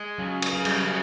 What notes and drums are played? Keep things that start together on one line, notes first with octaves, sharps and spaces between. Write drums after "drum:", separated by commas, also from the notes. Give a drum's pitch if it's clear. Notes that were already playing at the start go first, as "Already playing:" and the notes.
Already playing: G#3
C#3 F#3
drum: cymbal
C#3 F#3
G3, drum: cymbal
F#3
C#3